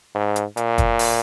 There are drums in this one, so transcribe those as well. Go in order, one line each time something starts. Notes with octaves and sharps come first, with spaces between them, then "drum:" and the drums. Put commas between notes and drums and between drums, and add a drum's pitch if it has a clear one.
G#2
drum: hi-hat
A#2, drum: hi-hat
drum: kick, hi-hat
drum: open hi-hat